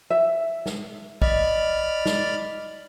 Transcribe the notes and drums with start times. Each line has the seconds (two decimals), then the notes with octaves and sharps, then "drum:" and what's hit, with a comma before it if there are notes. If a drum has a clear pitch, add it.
0.10 E5
0.66 drum: snare
1.22 D5 D#5 B5 F6, drum: kick
2.06 drum: snare